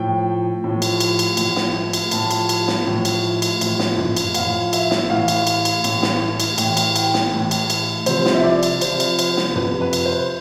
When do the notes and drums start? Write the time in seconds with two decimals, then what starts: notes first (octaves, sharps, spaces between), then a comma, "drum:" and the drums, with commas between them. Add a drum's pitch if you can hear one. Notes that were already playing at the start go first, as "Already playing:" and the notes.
Already playing: A2 F3 G5
0.64 A2 F3
0.82 drum: cymbal
1.00 drum: cymbal
1.19 drum: cymbal
1.37 A2 F3, drum: cymbal
1.56 drum: snare
1.93 drum: cymbal
2.11 A2 F3 A5, drum: cymbal
2.31 drum: cymbal
2.49 drum: cymbal
2.68 drum: snare
2.87 A2 F3
3.05 drum: cymbal
3.42 drum: cymbal
3.61 A2 F3, drum: cymbal
3.79 drum: snare
3.98 drum: tom F#2
4.17 drum: cymbal
4.35 A2 F3 F5, drum: cymbal
4.73 E5, drum: cymbal
4.91 drum: snare
5.09 A2 E3 F5
5.28 drum: cymbal
5.47 drum: cymbal
5.65 drum: cymbal
5.84 A2 E3, drum: cymbal
6.02 drum: snare
6.40 drum: cymbal
6.58 A2 E3 G5, drum: cymbal
6.77 drum: cymbal
6.96 G5, drum: cymbal
7.14 drum: snare
7.32 A2 E3
7.51 drum: cymbal
7.70 drum: cymbal
8.06 C3 F3 C5, drum: cymbal
8.26 drum: snare
8.35 E5
8.44 D5
8.63 drum: cymbal
8.81 C3 F3 C5, drum: cymbal
9.00 drum: cymbal
9.19 C5, drum: cymbal
9.37 drum: snare
9.56 C3 F3 B4, drum: tom F#2
9.81 B4
9.93 drum: cymbal
10.06 C5